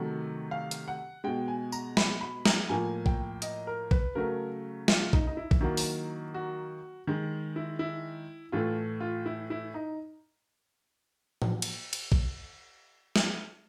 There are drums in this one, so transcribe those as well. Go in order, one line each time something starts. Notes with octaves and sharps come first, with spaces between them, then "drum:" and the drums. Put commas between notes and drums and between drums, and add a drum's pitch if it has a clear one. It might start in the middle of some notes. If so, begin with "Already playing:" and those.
Already playing: C3 D#3 F#3 A3
F5
drum: hi-hat
F#5
B2 G#3 G5
G#5
A#5, drum: tambourine
B5, drum: snare
B5
A#5, drum: snare
A2 F3 A#3 G#5
G5, drum: kick
D#5, drum: hi-hat
A#4
B4, drum: kick
C#3 F#3 A3 A#4
F4, drum: snare
D#4, drum: kick
D#4
E4
drum: kick
D#3 F#3 A#3
drum: open hi-hat
F#4
D#3 G#3
E4
E4
A2 E3 A3 F4
F4
E4
E4
D#4
drum: tom A2
drum: cymbal
drum: cymbal
drum: kick
drum: snare